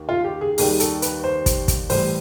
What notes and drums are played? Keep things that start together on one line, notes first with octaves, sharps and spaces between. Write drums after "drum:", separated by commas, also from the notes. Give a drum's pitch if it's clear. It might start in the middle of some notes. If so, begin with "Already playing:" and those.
Already playing: D#2 D#3
F4
G4
G#4
D#2 D#3 G3 G#4, drum: open hi-hat
A4, drum: hi-hat
B4, drum: hi-hat
C5
drum: kick, hi-hat
drum: kick, hi-hat
A2 E3 G3 C5, drum: open hi-hat